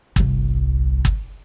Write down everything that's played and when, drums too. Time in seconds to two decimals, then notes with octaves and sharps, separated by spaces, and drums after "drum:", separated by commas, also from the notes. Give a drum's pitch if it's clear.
0.16 G1 C2, drum: kick
1.05 drum: kick